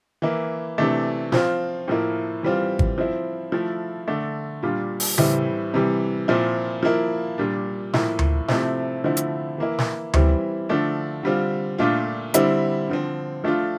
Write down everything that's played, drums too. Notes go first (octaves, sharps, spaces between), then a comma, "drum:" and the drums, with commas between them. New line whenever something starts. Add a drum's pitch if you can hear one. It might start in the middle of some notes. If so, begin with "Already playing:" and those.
E3 A#3 E4
C3 E3 A3 D4
F3 C4 F4, drum: snare
A2 F3 A#3 E4
E3 G3 C4 F4
drum: kick G#1
F3 C4 E4
F3 A3 E4
D3 A3 D4
A#2 G3 D4 F4
drum: open hi-hat
A2 E3 G3 C4 E4, drum: tom C#3
C3 E3 G3
A#2 F3 C4 E4
F3 A#3 E4
A#2 G3 D4
A2 F3 A#3 E4, drum: snare
drum: tom D2
C3 F3 A3 C4 E4, drum: snare
D3 F3 A3 C4 E4
drum: hi-hat
E3 A#3 E4
drum: snare
E3 G3 C4 E4, drum: tom D2
D3 F3 A3 D4
D3 G3 C4 F4
A#2 A3 D4 F4
D3 G3 C4 E4, drum: hi-hat
D3 F3 C4
F3 A3 D4 F4